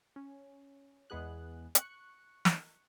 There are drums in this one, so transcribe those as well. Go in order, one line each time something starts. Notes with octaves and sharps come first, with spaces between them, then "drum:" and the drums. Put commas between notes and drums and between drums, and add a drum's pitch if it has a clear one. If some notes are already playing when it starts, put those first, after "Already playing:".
C#4
E2 G#3 B3 G#4 F#6
C#6 F#6 C#7, drum: hi-hat
drum: snare